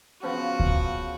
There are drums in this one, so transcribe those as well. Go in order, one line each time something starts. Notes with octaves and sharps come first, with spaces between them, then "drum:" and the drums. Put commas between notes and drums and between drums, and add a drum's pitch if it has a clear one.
C#3 F3 B3 F#4
drum: kick D2